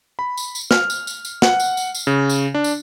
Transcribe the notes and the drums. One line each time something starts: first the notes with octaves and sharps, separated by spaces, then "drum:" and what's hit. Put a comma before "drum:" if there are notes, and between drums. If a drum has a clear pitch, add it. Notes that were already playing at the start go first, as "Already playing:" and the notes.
B5
drum: tambourine
drum: tambourine
F6, drum: snare
drum: tambourine
drum: tambourine
drum: tambourine
F#5, drum: snare
drum: tambourine
drum: tambourine
drum: tambourine
C#3
drum: tambourine
D4
drum: tambourine